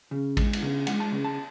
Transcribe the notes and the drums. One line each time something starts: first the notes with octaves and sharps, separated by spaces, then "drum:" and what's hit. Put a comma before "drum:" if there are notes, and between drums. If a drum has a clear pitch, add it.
C#3
G#3, drum: kick, cymbal
drum: cymbal
C#3
G#3 F#5, drum: cymbal
A5
C#3
A5